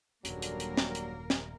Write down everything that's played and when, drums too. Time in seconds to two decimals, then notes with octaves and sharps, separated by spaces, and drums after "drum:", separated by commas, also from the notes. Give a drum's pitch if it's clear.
0.25 D#1 F#2 D3 F#3 G3 A#3 A#4, drum: hi-hat
0.42 drum: hi-hat
0.60 drum: hi-hat
0.77 drum: snare
0.95 drum: hi-hat
1.30 drum: snare